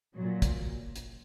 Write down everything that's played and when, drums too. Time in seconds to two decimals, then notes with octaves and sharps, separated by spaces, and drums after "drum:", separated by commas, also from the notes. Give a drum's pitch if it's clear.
0.16 A#2 F#3
0.42 drum: kick, hi-hat
0.96 drum: hi-hat